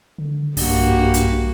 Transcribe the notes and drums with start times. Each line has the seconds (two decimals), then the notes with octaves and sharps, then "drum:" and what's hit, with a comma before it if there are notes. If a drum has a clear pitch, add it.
0.18 D3
0.57 B1 G2 G3 A#3 F#4, drum: open hi-hat
1.14 drum: hi-hat